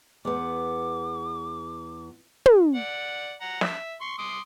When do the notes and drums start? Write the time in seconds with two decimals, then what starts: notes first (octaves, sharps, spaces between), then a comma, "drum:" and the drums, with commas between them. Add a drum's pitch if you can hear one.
0.25 E2 B3 D6
2.46 drum: tom
2.75 D5 F#5
3.41 F#5 A#5
3.61 E5, drum: snare
4.01 C6 C#6
4.18 C6 D6 D#6